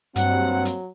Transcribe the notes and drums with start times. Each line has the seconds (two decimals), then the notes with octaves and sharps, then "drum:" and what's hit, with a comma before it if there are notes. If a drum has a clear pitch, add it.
0.16 G2 F#3 A#3 C4 F#5, drum: hi-hat
0.65 drum: hi-hat